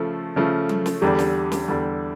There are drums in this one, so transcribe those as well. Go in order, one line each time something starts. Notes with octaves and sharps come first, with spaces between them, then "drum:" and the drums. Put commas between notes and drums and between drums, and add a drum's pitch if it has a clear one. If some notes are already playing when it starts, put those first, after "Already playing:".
Already playing: C#3 F3 A3 A4
C#3 F3 A3
drum: tom F#3
drum: snare
E2 D3 G3 G4
drum: snare
drum: snare
E2 D3 G3